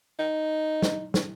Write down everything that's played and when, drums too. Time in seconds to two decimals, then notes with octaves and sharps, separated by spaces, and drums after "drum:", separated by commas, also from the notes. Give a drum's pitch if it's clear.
0.19 D#4
0.82 drum: snare
1.14 drum: snare